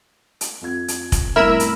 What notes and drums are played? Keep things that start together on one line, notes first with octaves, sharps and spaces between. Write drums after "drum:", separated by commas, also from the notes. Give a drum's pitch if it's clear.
drum: hi-hat
F2 F4 G#6
drum: hi-hat
drum: kick, hi-hat
G1 F2 A2 E4 A#4 B5 E6
drum: hi-hat